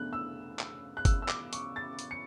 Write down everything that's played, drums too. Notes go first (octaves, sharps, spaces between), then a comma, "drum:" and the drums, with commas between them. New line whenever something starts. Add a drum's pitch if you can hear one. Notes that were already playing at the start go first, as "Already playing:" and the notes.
Already playing: E2 B2 A3 D4 F#6
E6
drum: clap
F#6
E6, drum: kick G1, hi-hat
E6
D6, drum: clap
C#6, drum: hi-hat
A6
drum: hi-hat
C#7